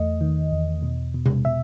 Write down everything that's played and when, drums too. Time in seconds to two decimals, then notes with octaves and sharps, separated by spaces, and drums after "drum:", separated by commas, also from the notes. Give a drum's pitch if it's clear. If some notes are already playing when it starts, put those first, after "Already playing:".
Already playing: E2 A3 D#5
0.21 D#3
0.52 E2
0.83 B2
1.14 B2
1.26 drum: tom C3
1.45 B2 E5